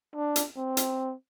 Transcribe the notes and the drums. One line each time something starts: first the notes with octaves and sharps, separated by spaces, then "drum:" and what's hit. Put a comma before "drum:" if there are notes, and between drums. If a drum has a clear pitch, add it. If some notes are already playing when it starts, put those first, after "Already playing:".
D4
drum: hi-hat
C4
drum: hi-hat